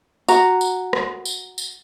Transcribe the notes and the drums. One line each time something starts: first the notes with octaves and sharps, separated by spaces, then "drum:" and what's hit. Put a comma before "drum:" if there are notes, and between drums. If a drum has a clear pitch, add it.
F#4 A#5, drum: tambourine
drum: tambourine
drum: rim click
drum: tambourine
drum: tambourine